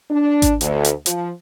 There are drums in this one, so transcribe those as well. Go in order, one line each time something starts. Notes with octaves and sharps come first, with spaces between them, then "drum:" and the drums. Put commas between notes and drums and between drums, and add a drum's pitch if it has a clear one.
D4
drum: kick G#1, hi-hat
D2, drum: hi-hat
drum: hi-hat
F3, drum: hi-hat